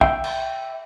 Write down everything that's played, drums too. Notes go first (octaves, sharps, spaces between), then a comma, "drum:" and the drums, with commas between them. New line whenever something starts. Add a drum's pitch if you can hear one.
E5 G5, drum: kick
drum: cymbal